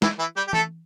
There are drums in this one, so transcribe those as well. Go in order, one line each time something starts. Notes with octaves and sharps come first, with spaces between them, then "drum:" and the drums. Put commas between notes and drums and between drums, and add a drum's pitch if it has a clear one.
E3 E4, drum: snare
E3 E4
G3 G4
G4
A3 A4, drum: tom E3